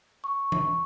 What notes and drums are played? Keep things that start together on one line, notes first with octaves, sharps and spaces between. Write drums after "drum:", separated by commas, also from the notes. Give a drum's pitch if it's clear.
C#6
drum: tom E3